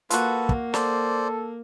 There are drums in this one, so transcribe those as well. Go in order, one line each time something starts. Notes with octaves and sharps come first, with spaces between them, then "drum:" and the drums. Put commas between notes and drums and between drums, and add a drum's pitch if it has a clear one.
A#3 F4 F#4 A4 B4, drum: hi-hat
drum: kick
A4 C5 D5, drum: snare